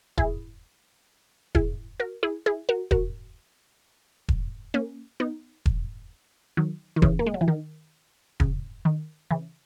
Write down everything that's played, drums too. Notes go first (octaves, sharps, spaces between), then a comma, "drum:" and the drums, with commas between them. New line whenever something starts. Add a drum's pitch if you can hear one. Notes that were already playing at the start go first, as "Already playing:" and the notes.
E4 G#4, drum: kick E1
E4 G#4, drum: kick E1
F#4 A#4
E4 G#4
E4 G#4
F#4 A#4
F#4 A#4, drum: kick E1
drum: kick E1
A#3 C#4
B3 D#4
drum: kick E1
D#3 F#3
D#3
C#3 E3, drum: kick E1
A#3
G#3
F#3
E3
D#3
C#3, drum: kick E1
D#3
C#3 E3